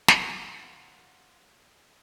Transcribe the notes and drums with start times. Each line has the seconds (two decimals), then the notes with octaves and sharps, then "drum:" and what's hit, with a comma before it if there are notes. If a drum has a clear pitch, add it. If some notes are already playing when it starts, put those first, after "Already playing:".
0.08 F5 F#5 C6 F6 F#6, drum: snare